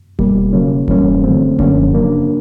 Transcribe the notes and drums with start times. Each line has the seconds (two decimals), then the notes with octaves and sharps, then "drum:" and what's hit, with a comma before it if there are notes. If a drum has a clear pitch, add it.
0.19 E2 B2 G3 A#3, drum: kick E1
0.53 C#3 F#3 A#3 C#4
0.88 G2 E3 G3 A#3 C#4, drum: kick E1
1.24 D3 F#3 A3 C4
1.59 F#2 D3 F3 A#3 C#4, drum: kick E1
1.94 C#3 F#3 A#3 D4